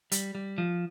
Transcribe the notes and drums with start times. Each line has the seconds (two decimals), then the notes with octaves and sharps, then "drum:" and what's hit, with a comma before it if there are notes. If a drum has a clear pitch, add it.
0.12 G3, drum: hi-hat
0.35 G3
0.58 F3